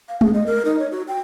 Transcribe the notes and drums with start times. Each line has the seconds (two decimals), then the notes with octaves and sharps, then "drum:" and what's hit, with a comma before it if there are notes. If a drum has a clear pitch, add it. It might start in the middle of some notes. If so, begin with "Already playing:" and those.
0.09 F5
0.21 G#4, drum: tom G#3
0.34 D#5
0.46 A#4
0.65 D#4
0.79 C#5
0.92 F#4
1.08 G5